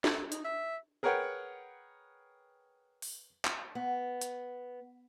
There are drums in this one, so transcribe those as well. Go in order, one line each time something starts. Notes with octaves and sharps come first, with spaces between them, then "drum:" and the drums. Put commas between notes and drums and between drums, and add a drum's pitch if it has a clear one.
A4, drum: snare
D#4, drum: hi-hat
E5
G#4 A#4 B4 C#5 F#5 G5
drum: open hi-hat
drum: clap
B3
drum: hi-hat